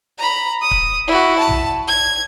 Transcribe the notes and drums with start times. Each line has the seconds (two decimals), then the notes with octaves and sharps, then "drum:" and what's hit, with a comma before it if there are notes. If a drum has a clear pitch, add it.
0.18 A#5 B5
0.61 D#6
0.71 drum: kick C#1
1.07 E4 F#4
1.38 A5
1.48 drum: tom
1.87 G#6